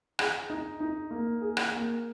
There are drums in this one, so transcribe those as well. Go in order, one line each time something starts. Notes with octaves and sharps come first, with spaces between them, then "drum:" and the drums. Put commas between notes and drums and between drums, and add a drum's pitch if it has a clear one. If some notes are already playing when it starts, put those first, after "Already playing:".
G#4, drum: rim click
D#4
D#4
A#3
G#4
drum: rim click
A#3